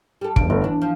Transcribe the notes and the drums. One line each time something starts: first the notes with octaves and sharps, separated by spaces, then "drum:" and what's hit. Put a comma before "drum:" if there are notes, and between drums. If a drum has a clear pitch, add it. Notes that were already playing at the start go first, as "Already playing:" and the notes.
G3 A4
E1 G2 D7, drum: kick
G1 F#2 A3
E3 D4
F3